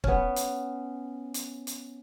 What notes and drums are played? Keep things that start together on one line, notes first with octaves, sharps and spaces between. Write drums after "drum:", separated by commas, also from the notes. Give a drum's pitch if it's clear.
B3 C#4, drum: kick
drum: hi-hat
drum: hi-hat
drum: hi-hat